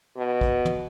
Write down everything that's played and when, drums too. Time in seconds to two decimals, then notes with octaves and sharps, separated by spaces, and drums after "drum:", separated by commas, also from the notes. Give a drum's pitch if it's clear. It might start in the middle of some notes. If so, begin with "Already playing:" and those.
0.17 B2
0.41 drum: kick
0.65 drum: tom